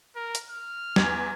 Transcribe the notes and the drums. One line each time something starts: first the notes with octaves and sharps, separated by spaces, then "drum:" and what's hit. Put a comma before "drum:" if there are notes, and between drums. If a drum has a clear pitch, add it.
A#4
drum: hi-hat
F6
E2 G#6, drum: snare